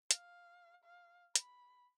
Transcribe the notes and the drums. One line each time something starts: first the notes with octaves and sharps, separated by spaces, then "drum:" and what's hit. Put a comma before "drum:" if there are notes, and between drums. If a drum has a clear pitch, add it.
F5, drum: hi-hat
F5
B5, drum: hi-hat